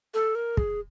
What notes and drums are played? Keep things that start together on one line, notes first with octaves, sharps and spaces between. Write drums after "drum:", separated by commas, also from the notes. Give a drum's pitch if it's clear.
A4
A#4
G#4, drum: kick